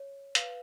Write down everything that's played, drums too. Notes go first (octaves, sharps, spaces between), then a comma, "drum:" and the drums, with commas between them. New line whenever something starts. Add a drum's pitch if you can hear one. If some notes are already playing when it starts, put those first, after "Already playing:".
Already playing: C#5
B4 F5, drum: hi-hat